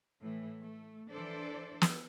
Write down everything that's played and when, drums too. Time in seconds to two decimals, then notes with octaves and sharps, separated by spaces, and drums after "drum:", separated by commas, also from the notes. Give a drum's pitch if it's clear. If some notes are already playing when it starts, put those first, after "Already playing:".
0.20 A2 E3
0.63 A3
1.12 E3 D4 A4 C5 D5
1.81 drum: snare